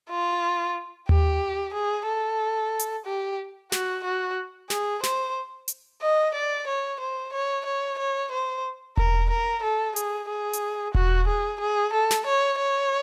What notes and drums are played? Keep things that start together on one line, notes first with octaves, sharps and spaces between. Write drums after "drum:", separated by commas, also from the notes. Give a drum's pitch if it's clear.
F4
G4, drum: tom D#2
G#4
A4
drum: hi-hat
G4
F#4, drum: snare
F#4
G#4, drum: snare
C5, drum: snare
drum: hi-hat
D#5
D5
C#5
C5
C#5
C#5
C#5
C5
A#4, drum: kick E1
A#4
A4
G#4, drum: hi-hat
G#4
drum: hi-hat
F#4, drum: kick E1
G#4
G#4
A4
drum: snare
C#5
C#5